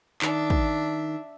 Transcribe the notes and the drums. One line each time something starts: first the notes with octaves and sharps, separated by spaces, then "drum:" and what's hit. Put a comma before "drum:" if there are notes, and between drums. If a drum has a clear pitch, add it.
D#3 D4 E5, drum: clap
drum: kick